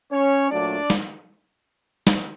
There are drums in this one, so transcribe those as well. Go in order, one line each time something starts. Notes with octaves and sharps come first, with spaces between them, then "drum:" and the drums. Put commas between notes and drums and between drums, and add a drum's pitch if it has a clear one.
C#4 C#5
A#2 F#3 A3 D4 D5
drum: snare
drum: snare